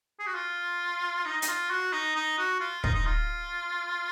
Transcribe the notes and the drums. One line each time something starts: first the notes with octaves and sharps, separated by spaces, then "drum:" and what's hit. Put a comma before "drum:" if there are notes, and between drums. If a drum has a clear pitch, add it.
G#4
F#4
F4
D#4
D#4, drum: hi-hat
F4
F#4
D#4
D#4
F#4
F4
D#4, drum: kick
D#4
F4